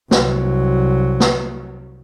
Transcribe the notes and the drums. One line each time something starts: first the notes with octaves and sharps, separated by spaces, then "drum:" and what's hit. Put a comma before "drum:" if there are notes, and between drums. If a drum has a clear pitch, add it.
C2 F#3, drum: snare
drum: snare